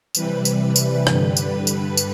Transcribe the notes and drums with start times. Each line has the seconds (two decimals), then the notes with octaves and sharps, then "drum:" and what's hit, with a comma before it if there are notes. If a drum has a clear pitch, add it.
0.15 C3 E3 G3 B4, drum: tambourine
0.45 drum: tambourine
0.76 drum: tambourine
1.07 G2 D3 G3, drum: rim click
1.37 drum: tambourine
1.67 drum: tambourine
1.97 drum: tambourine